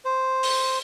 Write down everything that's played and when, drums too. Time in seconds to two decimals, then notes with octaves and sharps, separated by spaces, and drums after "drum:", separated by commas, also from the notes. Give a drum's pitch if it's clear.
0.05 C5
0.43 drum: open hi-hat